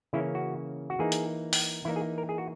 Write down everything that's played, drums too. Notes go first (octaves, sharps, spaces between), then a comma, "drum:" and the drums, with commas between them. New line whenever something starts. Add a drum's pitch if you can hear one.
C#3 E3 A#3 C#4 E4
F#4
F#4
E3 A#3 D#4 G#4
drum: hi-hat
drum: open hi-hat
E3 A#3 D#4 E4
G#4
A#4
G#4
F#4